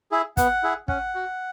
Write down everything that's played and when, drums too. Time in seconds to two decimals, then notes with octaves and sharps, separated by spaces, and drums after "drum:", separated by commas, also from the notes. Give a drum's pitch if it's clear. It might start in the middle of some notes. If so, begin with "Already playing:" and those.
0.11 E4 G#4
0.37 B3 F#5, drum: kick, hi-hat
0.63 E4 G#4
0.88 C#4 F#5, drum: kick
1.15 F#4